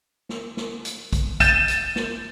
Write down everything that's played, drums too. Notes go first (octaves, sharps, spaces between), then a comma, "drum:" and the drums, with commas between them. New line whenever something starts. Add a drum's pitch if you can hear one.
drum: snare
drum: snare
drum: hi-hat
drum: kick, hi-hat
G6 A6 D#7 E7, drum: kick, hi-hat
drum: hi-hat
drum: snare